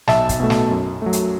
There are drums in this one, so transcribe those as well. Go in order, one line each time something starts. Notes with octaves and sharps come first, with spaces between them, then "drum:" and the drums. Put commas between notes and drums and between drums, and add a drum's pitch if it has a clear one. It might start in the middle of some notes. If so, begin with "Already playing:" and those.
B1 E5 A5, drum: snare
drum: kick, hi-hat
B2 A3
drum: snare
F#2
F#3 A3
drum: hi-hat